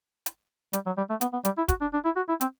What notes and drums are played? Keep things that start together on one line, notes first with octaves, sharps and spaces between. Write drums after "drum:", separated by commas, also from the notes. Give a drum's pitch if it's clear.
drum: hi-hat
G3, drum: hi-hat
F#3
G3
A3
B3, drum: hi-hat
B3
G3, drum: hi-hat
E4
F#4, drum: kick, hi-hat
D4
D4
E4
F#4
E4
C4, drum: hi-hat